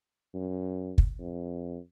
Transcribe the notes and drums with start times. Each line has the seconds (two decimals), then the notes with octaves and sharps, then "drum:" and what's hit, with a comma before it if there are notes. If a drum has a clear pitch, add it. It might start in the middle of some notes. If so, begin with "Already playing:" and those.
0.34 F#2
0.98 drum: kick
1.19 F2